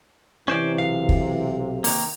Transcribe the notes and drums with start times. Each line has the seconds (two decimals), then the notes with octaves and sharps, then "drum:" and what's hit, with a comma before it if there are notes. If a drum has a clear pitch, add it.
0.48 C3 E3 C#4 C5 D5
0.78 B1 F5
1.09 drum: kick
1.84 D#3 A#3, drum: open hi-hat